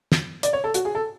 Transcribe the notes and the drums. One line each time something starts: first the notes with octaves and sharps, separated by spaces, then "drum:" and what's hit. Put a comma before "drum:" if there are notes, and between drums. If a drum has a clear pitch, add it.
drum: snare
D5, drum: hi-hat
C#5
A4
F#4, drum: hi-hat
G#4
A4